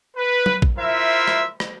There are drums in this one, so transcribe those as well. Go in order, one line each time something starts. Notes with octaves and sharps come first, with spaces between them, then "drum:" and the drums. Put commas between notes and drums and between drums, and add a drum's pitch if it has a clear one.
B4
drum: tom F#3
drum: kick A#1
E4 F4 A#4 C5 E5
drum: rim click
drum: rim click